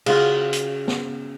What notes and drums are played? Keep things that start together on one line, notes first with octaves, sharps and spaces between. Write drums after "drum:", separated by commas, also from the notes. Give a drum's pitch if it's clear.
C#3 F4 F#4, drum: cymbal
drum: hi-hat
drum: snare